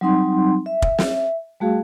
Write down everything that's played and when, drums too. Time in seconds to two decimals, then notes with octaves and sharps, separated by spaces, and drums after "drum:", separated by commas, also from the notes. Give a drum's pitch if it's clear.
0.01 F#3 G3 C4 D#4 F#5 C6
0.66 E5
0.82 drum: kick
0.99 drum: snare
1.61 G3 A3 F#4 G#4 F5